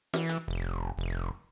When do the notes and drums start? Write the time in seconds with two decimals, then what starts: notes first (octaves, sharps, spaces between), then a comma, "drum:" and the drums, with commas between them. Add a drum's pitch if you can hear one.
0.14 E3, drum: snare
0.29 drum: hi-hat
0.48 F1
0.97 F1